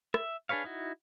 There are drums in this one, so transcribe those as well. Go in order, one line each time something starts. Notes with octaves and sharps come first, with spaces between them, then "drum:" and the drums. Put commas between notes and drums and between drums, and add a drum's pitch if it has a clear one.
E5, drum: rim click
D4 G#4 B4 C#5 F5
D#4 E4 F#4